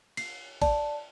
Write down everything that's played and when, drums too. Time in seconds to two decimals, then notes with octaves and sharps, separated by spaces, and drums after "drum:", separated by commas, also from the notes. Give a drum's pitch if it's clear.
0.17 C7, drum: cymbal
0.62 D5 A5, drum: kick, cymbal